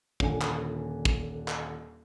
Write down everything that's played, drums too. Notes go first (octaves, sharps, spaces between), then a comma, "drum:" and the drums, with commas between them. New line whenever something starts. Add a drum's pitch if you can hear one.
D#1 A#2 D3 G#5, drum: kick
drum: clap
drum: kick
drum: clap